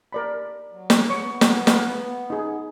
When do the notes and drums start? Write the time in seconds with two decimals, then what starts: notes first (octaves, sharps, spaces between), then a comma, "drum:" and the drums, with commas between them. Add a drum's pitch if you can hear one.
0.13 A#4 D5 B5
0.72 F#3
0.90 drum: snare
1.09 B3 C#5 C#6 D6
1.41 drum: snare
1.67 B4 F5, drum: snare
2.30 D#4 G#4